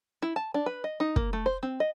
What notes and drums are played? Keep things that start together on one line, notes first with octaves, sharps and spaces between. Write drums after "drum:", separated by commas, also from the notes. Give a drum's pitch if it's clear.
E4
A5
D4
B4
D#5
D#4
A#3, drum: kick
A3
C5
C4
D#5